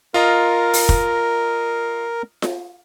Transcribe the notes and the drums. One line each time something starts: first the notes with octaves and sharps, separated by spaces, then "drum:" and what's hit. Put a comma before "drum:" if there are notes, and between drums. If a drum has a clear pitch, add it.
F4 A#4 D#5 A#5
drum: open hi-hat
drum: kick
drum: snare F4